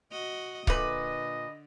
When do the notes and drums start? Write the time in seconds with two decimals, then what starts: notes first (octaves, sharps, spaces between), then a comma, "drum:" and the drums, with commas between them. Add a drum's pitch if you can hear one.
0.12 F#4 D#5
0.67 A#2 D3 B4 D#5, drum: kick C#1